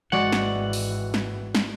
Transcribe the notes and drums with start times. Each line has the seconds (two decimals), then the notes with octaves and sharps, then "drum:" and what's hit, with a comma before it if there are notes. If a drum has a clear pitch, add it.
0.12 G#1 E3 G#3 F#4 D5 F#5
0.32 drum: snare
0.73 drum: open hi-hat
1.14 drum: snare
1.55 drum: snare